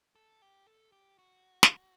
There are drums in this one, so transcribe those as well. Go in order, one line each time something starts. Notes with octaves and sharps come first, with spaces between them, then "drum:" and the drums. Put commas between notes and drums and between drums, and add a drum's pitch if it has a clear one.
A4
G4
A4
G4
F#4
drum: snare